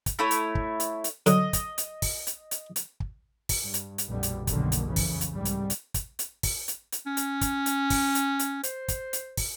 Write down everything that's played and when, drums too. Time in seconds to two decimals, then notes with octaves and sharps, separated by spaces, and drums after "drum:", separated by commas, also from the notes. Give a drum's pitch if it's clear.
0.06 drum: kick, hi-hat
0.19 A3 E4 C#5
0.31 drum: hi-hat
0.55 drum: kick
0.80 drum: hi-hat
1.04 drum: hi-hat
1.26 D3 F#3 D#5, drum: hi-hat
1.53 drum: kick, hi-hat
1.78 drum: hi-hat
2.02 drum: kick, open hi-hat
2.27 drum: hi-hat
2.51 drum: hi-hat
2.76 drum: hi-hat
3.00 drum: kick
3.49 drum: kick, open hi-hat
3.64 G2
3.74 drum: hi-hat
3.98 drum: hi-hat
4.08 A#1 F2 B2 D3 G3
4.23 drum: hi-hat
4.47 F#1 B1 B2 D3 D#3 A#3, drum: kick, hi-hat
4.72 drum: hi-hat
4.86 F2 C#3 E3
4.96 drum: kick, open hi-hat
5.21 drum: hi-hat
5.32 F1 C2 G#2 G3
5.45 drum: hi-hat
5.70 drum: hi-hat
5.94 drum: kick, hi-hat
6.19 drum: hi-hat
6.43 drum: kick, open hi-hat
6.68 drum: hi-hat
6.92 drum: hi-hat
7.06 C#4
7.17 drum: hi-hat
7.41 drum: kick, hi-hat
7.66 drum: hi-hat
7.90 drum: kick, open hi-hat
8.15 drum: hi-hat
8.39 drum: hi-hat
8.63 C5, drum: hi-hat
8.88 drum: kick, hi-hat
9.13 drum: hi-hat
9.37 drum: kick, open hi-hat